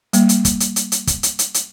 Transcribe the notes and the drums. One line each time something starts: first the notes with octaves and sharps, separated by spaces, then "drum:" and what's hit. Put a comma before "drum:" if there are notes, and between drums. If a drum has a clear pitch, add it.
G3 A#3, drum: hi-hat
drum: hi-hat
drum: kick, hi-hat
drum: hi-hat
drum: hi-hat
drum: hi-hat
drum: kick, hi-hat
drum: hi-hat
drum: hi-hat
drum: hi-hat